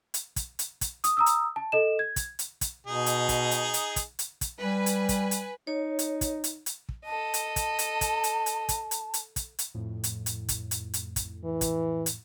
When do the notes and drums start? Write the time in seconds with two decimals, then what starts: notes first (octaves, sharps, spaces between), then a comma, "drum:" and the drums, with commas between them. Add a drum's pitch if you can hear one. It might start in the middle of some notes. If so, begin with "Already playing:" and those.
0.14 drum: hi-hat
0.36 drum: kick, hi-hat
0.59 drum: hi-hat
0.81 drum: kick, hi-hat
1.04 D#6, drum: hi-hat
1.17 A#5 D#6 E6
1.26 drum: hi-hat
1.56 A5
1.72 A4 D#5 E7
1.99 G#6
2.16 drum: kick, hi-hat
2.39 drum: hi-hat
2.61 drum: kick, hi-hat
2.87 B2 D#4 G#4
3.06 drum: hi-hat
3.29 drum: kick, hi-hat
3.51 drum: hi-hat
3.74 drum: hi-hat
3.96 drum: kick, hi-hat
4.19 drum: hi-hat
4.41 drum: kick, hi-hat
4.60 G3 B4 G#5
4.86 drum: hi-hat
5.09 drum: kick, hi-hat
5.31 drum: hi-hat
5.67 D#4 C#5
5.99 drum: hi-hat
6.21 drum: kick, hi-hat
6.44 drum: hi-hat
6.66 drum: hi-hat
6.89 drum: kick
7.05 A4 D#5 A5
7.34 drum: hi-hat
7.56 drum: kick, hi-hat
7.79 drum: hi-hat
8.01 drum: kick, hi-hat
8.24 drum: hi-hat
8.46 drum: hi-hat
8.69 drum: kick, hi-hat
8.91 drum: hi-hat
9.14 drum: hi-hat
9.36 drum: kick, hi-hat
9.59 drum: hi-hat
9.75 F2 A2
10.04 drum: hi-hat
10.26 drum: hi-hat
10.49 drum: kick, hi-hat
10.71 drum: hi-hat
10.94 drum: hi-hat
11.16 drum: kick, hi-hat
11.44 E3
11.61 drum: kick, hi-hat
12.06 drum: hi-hat